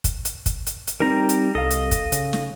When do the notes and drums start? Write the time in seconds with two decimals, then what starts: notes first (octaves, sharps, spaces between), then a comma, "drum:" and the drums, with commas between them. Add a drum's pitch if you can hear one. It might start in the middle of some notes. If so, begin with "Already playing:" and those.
0.04 drum: kick, hi-hat
0.25 drum: hi-hat
0.46 drum: kick, hi-hat
0.67 drum: hi-hat
0.87 drum: hi-hat
1.00 G3 C4 D#4 A#4 A#5
1.29 drum: hi-hat
1.55 C2 A4 D#5 F5
1.71 drum: hi-hat
1.91 drum: kick, hi-hat
2.12 C#3, drum: hi-hat
2.33 drum: snare